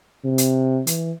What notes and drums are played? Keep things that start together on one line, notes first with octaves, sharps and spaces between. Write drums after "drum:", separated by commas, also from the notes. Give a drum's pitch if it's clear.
C3
drum: hi-hat
E3, drum: hi-hat